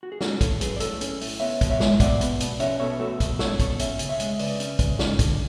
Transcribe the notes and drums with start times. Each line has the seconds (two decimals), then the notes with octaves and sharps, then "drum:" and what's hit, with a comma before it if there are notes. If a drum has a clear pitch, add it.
0.03 F#4
0.12 G#4
0.21 C#4 F#4 A4, drum: snare
0.41 A2 A4 C#5, drum: kick, hi-hat
0.61 F#3 G#4 B4, drum: hi-hat
0.76 D5
0.80 A2 A4 C#5, drum: hi-hat
1.01 C#4, drum: hi-hat
1.21 A2, drum: open hi-hat
1.40 B3 C#5 E5
1.61 B2, drum: kick, hi-hat
1.70 C#5 E5
1.80 G#3, drum: snare
2.00 B2 D5 F#5, drum: kick, hi-hat
2.21 B3, drum: hi-hat
2.40 B2, drum: hi-hat
2.60 C#4 C#5 E5, drum: hi-hat
2.80 B2 A4 C#5
3.00 A3 F#4 A4
3.20 B2, drum: kick, hi-hat
3.39 C#4 A4 C#5, drum: snare
3.60 B2 A4 C#5, drum: kick, hi-hat
3.79 C#4 C#5 E5, drum: hi-hat
3.99 C#3, drum: hi-hat
4.09 C#5 E5
4.20 G#3, drum: hi-hat
4.39 C#3 B4 D5, drum: open hi-hat
4.60 C#4, drum: hi-hat
4.79 C#3, drum: kick, hi-hat
4.99 C#4, drum: snare
5.19 D3, drum: kick, hi-hat